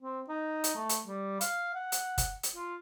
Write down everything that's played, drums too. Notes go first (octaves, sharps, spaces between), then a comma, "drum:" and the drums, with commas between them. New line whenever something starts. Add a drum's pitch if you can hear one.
C4
D#4
drum: hi-hat
A3
drum: hi-hat
G3
F5, drum: hi-hat
F#5
drum: hi-hat
drum: kick, hi-hat
drum: hi-hat
F4